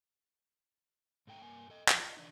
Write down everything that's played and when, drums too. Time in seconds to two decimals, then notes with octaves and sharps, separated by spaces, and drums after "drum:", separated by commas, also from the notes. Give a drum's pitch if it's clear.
1.27 G#2 A3 G5 A#5
1.42 G2 A#3 G#5
1.70 A4 D#5
1.88 F3 G4, drum: clap
2.00 F4 D#5
2.17 E3 D4 D#4